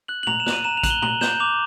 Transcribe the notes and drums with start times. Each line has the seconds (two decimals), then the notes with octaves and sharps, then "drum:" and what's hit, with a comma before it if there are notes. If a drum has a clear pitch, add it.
0.08 F#6 F#7
0.23 F#7
0.27 A#5 F7, drum: tom A#2
0.40 E7
0.46 F#6, drum: snare
0.53 D#7
0.64 A#5 E7
0.77 F7
0.83 F#6 F#7, drum: kick A1, hi-hat
0.90 G7
1.02 A#5 F#7, drum: tom A#2
1.21 G6 E7, drum: snare
1.40 D6 F7